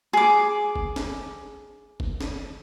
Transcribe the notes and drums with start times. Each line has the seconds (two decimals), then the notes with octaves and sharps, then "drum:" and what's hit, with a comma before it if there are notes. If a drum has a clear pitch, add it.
0.13 G#4 D6
0.76 drum: kick
0.96 drum: snare
2.00 drum: kick
2.21 drum: snare